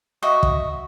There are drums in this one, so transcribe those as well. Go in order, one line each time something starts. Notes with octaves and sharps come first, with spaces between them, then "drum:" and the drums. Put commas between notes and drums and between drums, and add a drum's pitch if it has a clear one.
F#4 D#5 E5
drum: kick